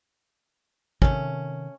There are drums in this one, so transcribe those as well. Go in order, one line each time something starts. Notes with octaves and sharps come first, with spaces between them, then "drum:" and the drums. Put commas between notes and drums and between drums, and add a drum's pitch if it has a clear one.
C3 D#3 A3 C#4, drum: kick